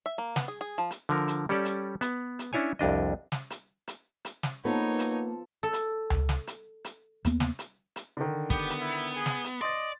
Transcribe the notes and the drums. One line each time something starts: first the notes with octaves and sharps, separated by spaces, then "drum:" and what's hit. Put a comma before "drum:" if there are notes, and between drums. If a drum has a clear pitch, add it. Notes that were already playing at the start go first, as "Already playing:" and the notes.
E5
A#3
B3, drum: snare
G#4
G#4
F3
drum: hi-hat
D3 F3 A#4
drum: hi-hat
G3 C#4 G4 A4 D5
drum: hi-hat
B3, drum: hi-hat
drum: hi-hat
C#4 D4 E4 C#5 G#5
C2 F2 D4 D#5
drum: snare
drum: hi-hat
drum: hi-hat
drum: hi-hat
drum: snare
F3 A#3 B3 D#4 A4 C#5
drum: hi-hat
A4
drum: hi-hat
drum: tom C#2
drum: snare
drum: hi-hat
drum: hi-hat
D#2 A#3 B3, drum: hi-hat
drum: snare
drum: hi-hat
drum: hi-hat
D3 D#3
B3 G4, drum: kick
drum: hi-hat
E4
G#4
drum: snare
drum: hi-hat
D5 D#5 C6 A6